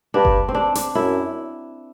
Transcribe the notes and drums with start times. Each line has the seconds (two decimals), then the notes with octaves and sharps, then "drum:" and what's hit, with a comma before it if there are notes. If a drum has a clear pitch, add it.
0.14 G2 D4
0.25 drum: kick F#1
0.49 C4
0.55 D4
0.75 D4, drum: hi-hat
0.95 F#2 E4